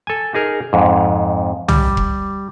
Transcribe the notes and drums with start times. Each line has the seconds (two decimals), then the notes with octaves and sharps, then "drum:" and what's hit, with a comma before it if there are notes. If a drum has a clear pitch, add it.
0.07 A4 G#5
0.34 D#4 G#4 A#4
0.73 F2 G#2
1.68 G3, drum: tom
1.97 drum: kick F1